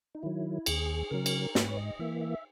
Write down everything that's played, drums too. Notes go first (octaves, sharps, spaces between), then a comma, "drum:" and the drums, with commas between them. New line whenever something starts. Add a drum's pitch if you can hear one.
D#4
D#3 F#3 E4
D#2 G#4, drum: cymbal
C#3 F#3 A#4
drum: cymbal
G#2 B4, drum: snare
C#5
D#5
E3 A#3 E5
E5